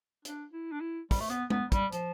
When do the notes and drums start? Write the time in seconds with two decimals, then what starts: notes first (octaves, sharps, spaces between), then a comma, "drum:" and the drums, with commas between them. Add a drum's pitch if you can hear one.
0.25 D4, drum: hi-hat
0.53 E4
0.72 D4
0.81 E4
1.11 G3, drum: kick, open hi-hat
1.20 A3
1.30 B3, drum: hi-hat
1.50 B3, drum: tom G#3
1.72 G3, drum: kick, hi-hat
1.92 F3, drum: hi-hat